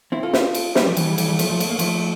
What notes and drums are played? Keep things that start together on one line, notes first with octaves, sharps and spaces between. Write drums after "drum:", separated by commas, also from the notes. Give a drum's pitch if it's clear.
C4 E4
F4 A4
drum: snare
drum: cymbal
G3 A#3, drum: snare
F3 A3
E3 G3, drum: cymbal
E3 G3
E3 G3, drum: cymbal
E3 G3
F3 A3, drum: cymbal
F3 A3
A3, drum: cymbal
A#3
F3 A3, drum: cymbal